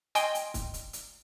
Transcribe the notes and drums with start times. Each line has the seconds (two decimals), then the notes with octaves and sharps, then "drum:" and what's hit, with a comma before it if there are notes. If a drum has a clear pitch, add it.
0.15 D#5 G5 G#5 C6, drum: hi-hat
0.35 drum: hi-hat
0.54 drum: kick, hi-hat
0.74 drum: hi-hat
0.93 drum: hi-hat